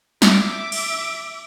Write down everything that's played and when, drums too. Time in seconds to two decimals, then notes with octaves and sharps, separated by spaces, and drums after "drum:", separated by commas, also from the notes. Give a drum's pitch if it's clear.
0.22 E5 D6, drum: snare
0.72 drum: cymbal